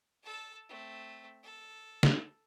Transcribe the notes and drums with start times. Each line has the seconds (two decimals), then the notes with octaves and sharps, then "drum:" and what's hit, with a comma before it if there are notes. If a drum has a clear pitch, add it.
0.23 A4 A5
0.69 A3 C4
1.43 A4
2.03 drum: snare